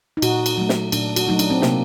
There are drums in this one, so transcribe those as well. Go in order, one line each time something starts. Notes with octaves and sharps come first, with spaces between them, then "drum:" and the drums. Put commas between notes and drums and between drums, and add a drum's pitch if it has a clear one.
D#4
A#2 F#4, drum: cymbal
drum: cymbal
F#3 A3
drum: snare
A#2 D4, drum: cymbal
F#4, drum: cymbal
F#3 A3 D#4
D4, drum: cymbal
C4
C3 A#3, drum: snare